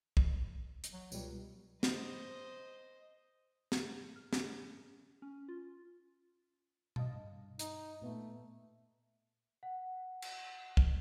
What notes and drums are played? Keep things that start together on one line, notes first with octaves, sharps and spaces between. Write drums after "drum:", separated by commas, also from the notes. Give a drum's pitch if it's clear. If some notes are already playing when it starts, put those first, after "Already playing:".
drum: kick
drum: hi-hat
F#3
C#2 B2 F#3 G3, drum: tambourine
C5 D#5, drum: snare
drum: snare
F6
C#4, drum: snare
C#4
F4
D#5 F5 A5, drum: tom B2
G2
D#4, drum: hi-hat
A#2 A3 B3
F#5
drum: cymbal
drum: kick